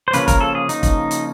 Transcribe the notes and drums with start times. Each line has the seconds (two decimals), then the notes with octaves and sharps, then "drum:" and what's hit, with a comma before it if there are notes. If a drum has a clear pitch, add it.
0.08 C5
0.13 C#3 F3 A#3 C#4 B4, drum: hi-hat
0.28 A#4, drum: kick, hi-hat
0.41 A4
0.55 G#4
0.69 D#4, drum: hi-hat
0.83 drum: kick, hi-hat
1.11 drum: hi-hat